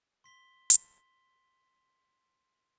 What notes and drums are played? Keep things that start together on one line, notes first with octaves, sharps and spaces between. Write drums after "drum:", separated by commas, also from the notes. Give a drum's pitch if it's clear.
C6 B6 G7
drum: hi-hat